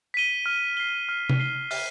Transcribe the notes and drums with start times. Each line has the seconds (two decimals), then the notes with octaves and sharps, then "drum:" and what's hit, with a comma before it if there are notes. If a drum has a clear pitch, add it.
0.14 B6 D#7 G7
0.46 F6
0.77 C7 G7
1.09 F6
1.29 drum: tom C3
1.39 C7 G7
1.71 F6, drum: open hi-hat